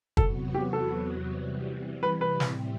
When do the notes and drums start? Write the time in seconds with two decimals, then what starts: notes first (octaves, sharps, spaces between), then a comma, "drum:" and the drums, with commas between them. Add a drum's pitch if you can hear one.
0.17 E2 C3 F#3 B3 F#4 A4, drum: kick
0.55 G4
0.73 A4
1.28 C3 E3 G3
2.03 B4
2.21 B4
2.40 A2 E3 G3 C4, drum: snare